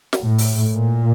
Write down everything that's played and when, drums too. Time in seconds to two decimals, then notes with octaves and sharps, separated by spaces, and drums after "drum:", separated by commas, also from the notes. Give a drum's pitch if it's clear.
0.13 drum: snare
0.23 A2
0.38 drum: open hi-hat
0.74 A#2